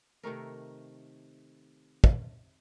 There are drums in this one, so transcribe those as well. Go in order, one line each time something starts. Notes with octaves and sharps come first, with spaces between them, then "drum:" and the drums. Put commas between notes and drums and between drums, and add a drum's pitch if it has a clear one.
C3 D#3 A3 A#4
drum: kick